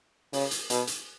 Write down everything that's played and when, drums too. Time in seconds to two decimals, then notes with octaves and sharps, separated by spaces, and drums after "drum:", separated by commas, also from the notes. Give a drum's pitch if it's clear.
0.33 C#3, drum: open hi-hat
0.51 drum: hi-hat
0.70 B2, drum: hi-hat
0.87 drum: hi-hat